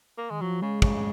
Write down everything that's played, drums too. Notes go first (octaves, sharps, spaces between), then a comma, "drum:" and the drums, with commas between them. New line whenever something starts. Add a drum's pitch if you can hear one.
A#3
D#3 G#3
F3 F#3
C#3 G#3
C#3, drum: kick